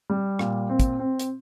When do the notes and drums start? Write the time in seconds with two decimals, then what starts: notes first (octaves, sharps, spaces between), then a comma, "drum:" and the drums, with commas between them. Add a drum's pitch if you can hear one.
0.10 G3
0.39 A#2, drum: rim click
0.69 C4
0.80 drum: kick, hi-hat
0.99 C4
1.19 drum: hi-hat